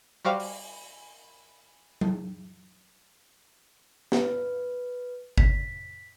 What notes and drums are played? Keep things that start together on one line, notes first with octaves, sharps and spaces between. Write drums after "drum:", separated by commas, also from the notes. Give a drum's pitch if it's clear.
G3 F#4 G4 C5 F5
drum: open hi-hat
drum: tom F#3
B4, drum: snare
B6, drum: kick G1